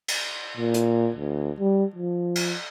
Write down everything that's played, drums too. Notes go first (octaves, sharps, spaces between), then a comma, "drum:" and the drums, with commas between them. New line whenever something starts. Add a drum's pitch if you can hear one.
drum: cymbal
A#2
drum: hi-hat
D2
G3
F3
drum: cymbal